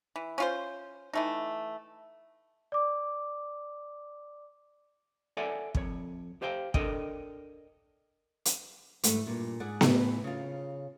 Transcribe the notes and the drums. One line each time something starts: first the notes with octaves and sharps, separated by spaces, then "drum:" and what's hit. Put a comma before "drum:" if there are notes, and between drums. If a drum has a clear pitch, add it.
E3
C#4 F4 C5
E3 A3 D#4
D5 D6
A4 C#5 D5 E5 F#5 G#5
F2 C#5, drum: kick
G4 C5 F5 G5
D4 A4 A#4 D#5 G5, drum: kick
drum: hi-hat
G#2 E3 G3 A3, drum: hi-hat
G2 A#2
G#2 G#4 D5 F#5 G#5
E2 A2 G#4 B4, drum: snare B3
C#3 F4